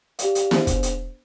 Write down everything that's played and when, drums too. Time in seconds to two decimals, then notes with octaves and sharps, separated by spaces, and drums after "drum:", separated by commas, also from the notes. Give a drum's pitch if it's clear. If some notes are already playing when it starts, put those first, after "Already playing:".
0.19 G4 D5 F5, drum: hi-hat
0.35 drum: hi-hat
0.51 B3 D4 G#4 C5, drum: snare
0.67 drum: kick, hi-hat
0.83 drum: hi-hat